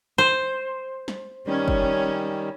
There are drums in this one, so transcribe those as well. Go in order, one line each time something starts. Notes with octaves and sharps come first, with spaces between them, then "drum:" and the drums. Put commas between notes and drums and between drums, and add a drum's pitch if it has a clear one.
C5
drum: snare
D#3 G3 C#4
drum: kick